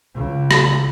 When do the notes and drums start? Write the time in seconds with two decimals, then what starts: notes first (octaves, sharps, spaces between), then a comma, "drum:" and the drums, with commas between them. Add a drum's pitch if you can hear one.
0.14 C#2 C#3
0.51 drum: rim click